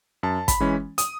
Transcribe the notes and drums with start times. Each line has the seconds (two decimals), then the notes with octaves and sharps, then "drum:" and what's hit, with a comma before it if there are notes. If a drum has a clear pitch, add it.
0.23 F#2 A5
0.48 B5, drum: kick, hi-hat
0.60 E3 G#3 C#4
0.98 D#6, drum: hi-hat